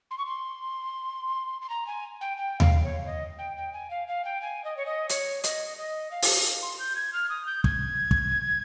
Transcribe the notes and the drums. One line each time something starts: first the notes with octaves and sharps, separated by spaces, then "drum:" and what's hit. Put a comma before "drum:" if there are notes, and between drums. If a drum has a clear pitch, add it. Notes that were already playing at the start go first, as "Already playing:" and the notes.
C6
C#6
C6
C6
A#5
G#5
G5
G5
F5, drum: tom D#2
C#5
D#5
G5
G5
G#5
F5
F5
G5
G#5
D#5
C#5
D#5
C#5, drum: hi-hat
D#5, drum: hi-hat
D#5
F5
drum: open hi-hat
C6
G6
G#6
F6
D#6
G6
G#6, drum: kick
drum: kick